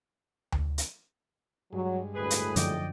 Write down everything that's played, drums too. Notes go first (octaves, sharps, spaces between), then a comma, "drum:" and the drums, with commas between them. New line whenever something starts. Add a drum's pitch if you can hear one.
drum: tom D2
drum: hi-hat
G2 F#3 G#3
D2 A2 G#4 B4
drum: hi-hat
F#2 D3 F3 D5 D#5 G5, drum: hi-hat